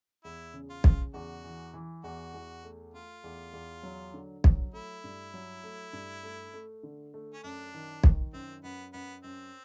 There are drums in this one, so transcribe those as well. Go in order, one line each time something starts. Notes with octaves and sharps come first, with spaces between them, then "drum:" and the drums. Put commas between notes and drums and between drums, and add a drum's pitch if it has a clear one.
E2 E4
C#3
F4
C#3, drum: kick B1
E2 F#4
E3
E3
E2 F#4
E2
A3
A3 F4
E2
E2
F#3
D3
F#3, drum: kick B1
A3 E4
G2
F#3
A3
G2
A3
A3
D3
A3
C#4
F#2 D4
D#3
D#3, drum: kick B1
F#2 C4
F#2 B3
F#2 B3
F#2 C4